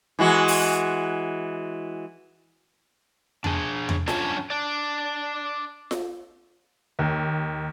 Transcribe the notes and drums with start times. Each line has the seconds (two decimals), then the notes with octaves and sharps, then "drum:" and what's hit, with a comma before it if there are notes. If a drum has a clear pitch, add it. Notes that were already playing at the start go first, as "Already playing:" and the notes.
0.19 E3 G#3 F#4
0.48 drum: open hi-hat
3.44 D4 G#4, drum: tom E2
3.89 drum: tom E2
4.08 F#2 C#4 D4 C#5 G#5 A5, drum: snare F4
4.50 D4 D5
5.91 drum: snare F4
6.99 D#2